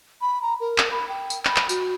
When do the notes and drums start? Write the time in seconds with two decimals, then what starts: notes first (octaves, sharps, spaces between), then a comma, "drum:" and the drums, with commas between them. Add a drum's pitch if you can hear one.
0.21 B5
0.42 A#5
0.60 A#4
0.78 drum: clap
0.91 B5
1.09 G5
1.30 drum: tambourine
1.45 B5, drum: clap
1.56 drum: clap
1.69 F#4, drum: tambourine